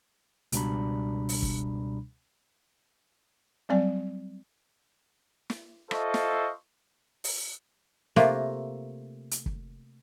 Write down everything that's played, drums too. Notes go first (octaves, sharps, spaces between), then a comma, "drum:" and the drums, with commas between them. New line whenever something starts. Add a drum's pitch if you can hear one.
C#2 B2 G3 D4 A#5 B5, drum: hi-hat
drum: open hi-hat
drum: kick
F#3 G3 C4 D5 G#5
drum: snare
F4 A4 C5 D#5 E5 C#6, drum: rim click
drum: snare
drum: open hi-hat
C3 A3 A#3 F4, drum: snare
drum: hi-hat
drum: kick